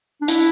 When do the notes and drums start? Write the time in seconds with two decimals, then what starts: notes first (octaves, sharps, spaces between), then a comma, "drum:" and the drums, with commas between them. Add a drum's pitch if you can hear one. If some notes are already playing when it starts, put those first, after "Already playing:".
0.21 D4
0.28 E4, drum: hi-hat